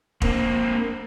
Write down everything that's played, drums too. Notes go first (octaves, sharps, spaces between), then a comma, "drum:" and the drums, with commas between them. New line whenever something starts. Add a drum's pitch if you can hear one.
A#3 C4, drum: kick E1